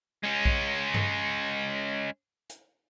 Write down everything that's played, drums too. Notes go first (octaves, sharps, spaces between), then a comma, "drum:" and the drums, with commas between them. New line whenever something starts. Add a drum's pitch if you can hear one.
G#3 C#4
drum: kick A#1
drum: tom G2
drum: hi-hat